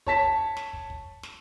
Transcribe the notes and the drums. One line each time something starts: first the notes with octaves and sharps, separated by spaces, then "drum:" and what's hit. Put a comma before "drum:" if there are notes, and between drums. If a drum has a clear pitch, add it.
C#5 A5 B6, drum: kick
drum: kick
drum: snare
drum: kick
drum: kick
drum: snare